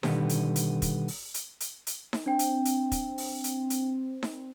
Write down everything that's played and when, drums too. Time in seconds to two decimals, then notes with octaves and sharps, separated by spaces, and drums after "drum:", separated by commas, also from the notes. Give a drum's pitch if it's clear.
0.03 B2 D3 D#3 G3 B3, drum: snare D#4
0.29 drum: hi-hat
0.56 drum: hi-hat
0.82 drum: kick, hi-hat
1.08 drum: open hi-hat
1.34 drum: hi-hat
1.60 drum: hi-hat
1.87 drum: hi-hat
2.13 drum: snare D#4
2.26 C4 D4 G5
2.39 drum: hi-hat
2.65 drum: hi-hat
2.92 drum: kick, hi-hat
3.18 drum: open hi-hat
3.44 drum: hi-hat
3.70 drum: hi-hat
4.23 drum: snare D#4